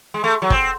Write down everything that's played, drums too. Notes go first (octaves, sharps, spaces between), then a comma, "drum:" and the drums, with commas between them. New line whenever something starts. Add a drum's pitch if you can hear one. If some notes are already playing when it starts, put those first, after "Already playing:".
G#3
A3
F#3
C4, drum: kick